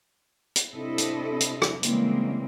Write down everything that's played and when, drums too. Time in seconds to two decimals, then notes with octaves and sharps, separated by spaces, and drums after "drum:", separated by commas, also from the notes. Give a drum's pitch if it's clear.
0.56 drum: hi-hat
0.73 C3 C4 D4 E4 A4 D#5
0.98 drum: hi-hat
1.41 drum: hi-hat
1.62 drum: rim click
1.83 C#3 E3 G3 G#3 A#3 C4, drum: hi-hat